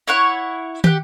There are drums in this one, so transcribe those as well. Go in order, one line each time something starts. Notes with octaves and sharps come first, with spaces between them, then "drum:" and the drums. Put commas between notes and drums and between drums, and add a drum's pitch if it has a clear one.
E4 C#5 F#5
G4 F#5, drum: tom